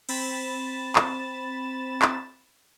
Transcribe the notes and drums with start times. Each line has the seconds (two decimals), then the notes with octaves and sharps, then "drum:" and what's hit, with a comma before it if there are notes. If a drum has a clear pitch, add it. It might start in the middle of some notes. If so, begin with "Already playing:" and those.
0.09 C4 B5 A6 E7, drum: cymbal
0.96 drum: clap
2.02 drum: clap